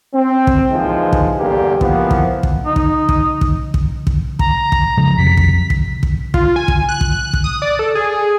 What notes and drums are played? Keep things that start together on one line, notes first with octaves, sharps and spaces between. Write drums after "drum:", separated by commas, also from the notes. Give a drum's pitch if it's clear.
C4
drum: kick
D#2 E3 F3 G#3 D#4
drum: kick
E2 G2 D3 A#3 G4
E3 F3 A#3 B3, drum: kick
drum: kick
drum: kick
D#4
drum: kick
drum: kick
drum: kick
drum: kick
drum: kick
A#5, drum: kick
drum: kick
C#3 F3 G#3
F2 C3 F#3 B6
drum: kick
drum: kick
drum: kick
F4, drum: kick
G#5
drum: kick
F#6
drum: kick
drum: kick
D#6
D5
A4
G#4